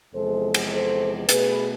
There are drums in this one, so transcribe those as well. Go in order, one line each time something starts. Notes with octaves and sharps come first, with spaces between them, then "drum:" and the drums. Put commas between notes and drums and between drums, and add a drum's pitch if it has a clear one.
E2 C3 F3 G#3 A4 C5
drum: cymbal
A4 C5
B2 A3 G#4 B4, drum: hi-hat